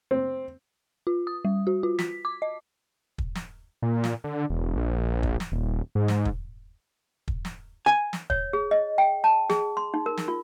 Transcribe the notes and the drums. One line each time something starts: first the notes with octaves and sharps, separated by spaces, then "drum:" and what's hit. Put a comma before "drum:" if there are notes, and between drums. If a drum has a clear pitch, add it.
C4
F4
D#6
G3
F#4
F4
B6, drum: snare
D6
D#5
drum: kick
drum: snare
A#2
drum: snare
D3
E1
A#1
drum: kick
drum: snare
D#1
G#2
drum: snare
drum: kick
drum: kick
drum: snare
G#5
drum: snare
C#5, drum: kick
G#4
D#5
G5
A5
G#4, drum: snare
C6
D#4
A#4
drum: snare
F4